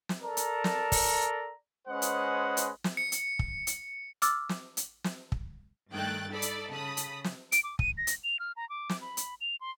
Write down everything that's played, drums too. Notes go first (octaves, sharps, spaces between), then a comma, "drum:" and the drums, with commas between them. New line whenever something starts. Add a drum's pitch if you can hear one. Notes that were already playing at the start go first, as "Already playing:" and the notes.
drum: snare
A4 A#4 D5 A5 A#5
drum: hi-hat
drum: snare
drum: kick, open hi-hat
G#3 C#4 B4 C5 D#5 F#5
drum: hi-hat
drum: hi-hat
drum: snare
C#7
drum: hi-hat
drum: kick
drum: hi-hat
D6 E6 F6 A6, drum: hi-hat
drum: snare
drum: hi-hat
drum: snare
drum: kick
G2 D#3 A3 G5 F#6 A6
D#4 A4 D5 B5
drum: hi-hat
C#3 A5 B5 D#6
drum: hi-hat
drum: snare
D7, drum: hi-hat
D6
D#7, drum: kick
A#6
drum: hi-hat
F7
F6
A#5
D6
drum: snare
B5
drum: hi-hat
F7
C6